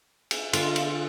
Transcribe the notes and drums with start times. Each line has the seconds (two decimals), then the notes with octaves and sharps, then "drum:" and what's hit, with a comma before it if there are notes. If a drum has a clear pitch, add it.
0.31 drum: cymbal
0.53 D3 F4, drum: cymbal
0.76 drum: cymbal